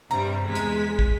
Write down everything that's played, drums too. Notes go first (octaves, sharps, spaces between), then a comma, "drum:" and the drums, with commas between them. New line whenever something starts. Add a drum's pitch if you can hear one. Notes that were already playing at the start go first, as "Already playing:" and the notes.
G2 C3 G3 A#5
E2 G#3 B6
drum: hi-hat
drum: kick